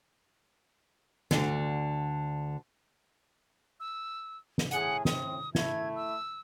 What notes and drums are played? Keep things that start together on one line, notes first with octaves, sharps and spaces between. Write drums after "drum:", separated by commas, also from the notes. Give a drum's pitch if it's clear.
D2 D3, drum: snare
E6
drum: snare
A2 G#4 F#5, drum: hi-hat
A2 C4 D#6, drum: snare
A3 E4 G#6, drum: snare
E6